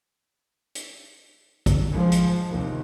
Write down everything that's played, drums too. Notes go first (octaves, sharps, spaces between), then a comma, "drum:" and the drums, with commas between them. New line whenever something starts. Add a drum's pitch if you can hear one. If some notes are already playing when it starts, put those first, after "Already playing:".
drum: hi-hat
drum: kick A1, hi-hat
F3 G#3
drum: hi-hat
D#2 C3